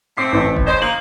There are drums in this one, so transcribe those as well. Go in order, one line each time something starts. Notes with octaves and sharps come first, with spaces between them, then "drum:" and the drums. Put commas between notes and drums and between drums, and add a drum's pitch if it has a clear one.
A3 C4 D6 C7
A1
drum: kick F1
C#3 C5 D#5
A#3 D#4 F#7